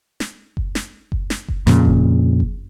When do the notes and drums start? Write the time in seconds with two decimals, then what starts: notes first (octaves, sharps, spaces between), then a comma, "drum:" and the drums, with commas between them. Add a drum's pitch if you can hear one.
0.20 drum: snare
0.57 drum: kick F#1
0.75 drum: snare
1.12 drum: kick F#1
1.30 drum: snare
1.48 drum: kick F#1
1.67 F2 A#2 C#3, drum: snare
1.85 drum: kick F#1
2.40 drum: kick F#1